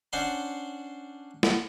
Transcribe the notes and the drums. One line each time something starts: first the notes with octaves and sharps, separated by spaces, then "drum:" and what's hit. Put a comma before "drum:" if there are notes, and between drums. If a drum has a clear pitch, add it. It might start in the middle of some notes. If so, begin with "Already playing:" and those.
C#4 D4 C5 F#5 C6
drum: snare